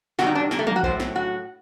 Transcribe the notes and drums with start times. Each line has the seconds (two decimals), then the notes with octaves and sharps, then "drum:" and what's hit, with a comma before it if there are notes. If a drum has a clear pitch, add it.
0.19 C3 D#3 G3 F#4, drum: snare
0.26 D#4
0.35 D4
0.51 A#3, drum: snare
0.59 A3
0.67 A#3, drum: tom E3
0.76 F#4
0.83 A2 F#3 C5, drum: kick B1
1.00 drum: snare
1.16 F#4